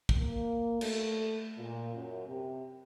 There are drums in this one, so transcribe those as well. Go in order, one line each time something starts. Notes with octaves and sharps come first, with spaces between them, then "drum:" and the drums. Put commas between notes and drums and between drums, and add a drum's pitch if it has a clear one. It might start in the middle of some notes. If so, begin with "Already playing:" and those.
drum: kick
A#3
A3, drum: cymbal
A#2
F#2
C3